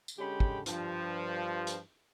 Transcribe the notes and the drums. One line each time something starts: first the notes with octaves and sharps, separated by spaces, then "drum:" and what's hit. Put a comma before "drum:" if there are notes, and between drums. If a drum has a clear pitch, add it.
drum: tambourine
D3 G#3 C#4 G4 G5 B5
drum: kick
G2 F3, drum: hi-hat
drum: hi-hat